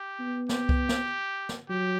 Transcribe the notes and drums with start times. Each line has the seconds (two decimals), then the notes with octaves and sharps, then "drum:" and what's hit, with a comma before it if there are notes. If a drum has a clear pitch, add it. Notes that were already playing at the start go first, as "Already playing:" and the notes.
Already playing: G4
0.19 B3
0.49 G4, drum: snare
0.69 drum: kick C2
0.89 drum: snare
1.49 drum: snare
1.69 F#3 G4